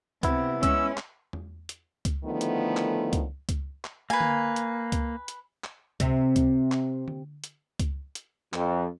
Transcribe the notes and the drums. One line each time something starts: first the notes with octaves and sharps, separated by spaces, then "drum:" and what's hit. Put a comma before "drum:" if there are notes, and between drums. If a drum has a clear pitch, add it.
C3 B3 E4, drum: kick C#2, hi-hat
G#3 C#4 E6, drum: kick C#2, hi-hat
drum: clap
drum: tom E2
drum: hi-hat
drum: kick C#2, hi-hat
D3 D#3 F3 A3 B3 E4
drum: hi-hat
drum: clap
drum: kick C#2, hi-hat
drum: kick C#2, hi-hat
drum: clap
A#3 B4 G#5
drum: tom D3
drum: hi-hat
drum: kick C#2, hi-hat
drum: hi-hat
drum: clap
C3, drum: kick C#2, hi-hat
drum: kick C#2, hi-hat
drum: clap
drum: tom D3
drum: hi-hat
drum: kick C#2, hi-hat
drum: hi-hat
F2, drum: clap